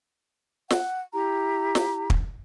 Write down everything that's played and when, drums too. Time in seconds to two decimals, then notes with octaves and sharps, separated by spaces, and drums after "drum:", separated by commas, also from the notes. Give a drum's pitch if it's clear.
0.70 F#5, drum: snare
1.13 E4 G4 A#5
1.75 drum: snare
2.10 drum: kick